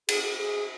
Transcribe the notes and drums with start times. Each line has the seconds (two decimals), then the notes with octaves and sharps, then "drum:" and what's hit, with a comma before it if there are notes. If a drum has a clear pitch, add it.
0.08 G#4, drum: cymbal
0.23 G#4
0.38 G#4